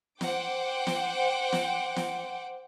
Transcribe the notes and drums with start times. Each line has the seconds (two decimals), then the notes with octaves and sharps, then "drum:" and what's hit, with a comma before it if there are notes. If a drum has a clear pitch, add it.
0.21 C5 F#5 G5 D6, drum: snare
0.87 drum: snare
1.52 drum: snare
1.96 drum: snare